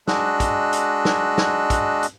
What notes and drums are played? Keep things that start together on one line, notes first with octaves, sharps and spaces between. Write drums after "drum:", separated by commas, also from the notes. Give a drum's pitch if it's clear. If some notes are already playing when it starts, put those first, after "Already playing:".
G#3 D4 F#4 D#5 E6 F#6, drum: snare
drum: kick, hi-hat
drum: hi-hat
drum: snare
drum: snare
drum: kick, hi-hat
drum: hi-hat